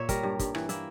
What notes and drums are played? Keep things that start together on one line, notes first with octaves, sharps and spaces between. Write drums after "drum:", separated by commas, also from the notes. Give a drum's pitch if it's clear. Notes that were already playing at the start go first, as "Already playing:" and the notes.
Already playing: A#2 A#3 C#5 E5
G3 A#4, drum: kick, hi-hat
G2
G2, drum: kick, hi-hat
E3, drum: rim click
A#3 E4, drum: hi-hat